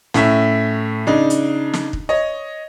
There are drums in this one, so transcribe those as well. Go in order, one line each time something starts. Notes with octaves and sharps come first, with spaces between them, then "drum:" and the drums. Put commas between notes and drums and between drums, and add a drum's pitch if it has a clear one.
A2 C#4 E5, drum: snare
C#3 D4 D#4
drum: hi-hat
drum: snare
drum: kick
C#5 D#5